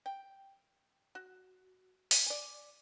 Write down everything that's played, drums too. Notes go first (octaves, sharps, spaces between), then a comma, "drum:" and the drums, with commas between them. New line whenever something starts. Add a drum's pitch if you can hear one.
G5
F#4
drum: open hi-hat
D5 G#5